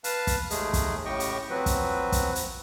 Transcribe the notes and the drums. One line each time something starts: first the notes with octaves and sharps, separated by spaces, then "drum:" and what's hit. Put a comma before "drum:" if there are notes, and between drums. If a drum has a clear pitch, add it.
B4 F5 A5, drum: hi-hat
drum: kick, hi-hat
D#2 G#3 A3 G#4, drum: hi-hat
drum: kick, hi-hat
A2 C#3 G4 D#5 G5 C#6
drum: hi-hat
F3 F#3 C4 F#4 B4
drum: kick, hi-hat
drum: kick, hi-hat
drum: hi-hat